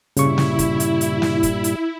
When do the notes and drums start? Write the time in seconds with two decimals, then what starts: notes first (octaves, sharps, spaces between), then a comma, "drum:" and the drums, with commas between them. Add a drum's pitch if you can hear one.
0.17 G2 A#2 C#3 G3 E4 C#6, drum: hi-hat
0.38 drum: snare
0.59 drum: kick, hi-hat
0.80 drum: hi-hat
1.01 drum: hi-hat
1.22 drum: snare
1.43 drum: kick, hi-hat
1.64 drum: hi-hat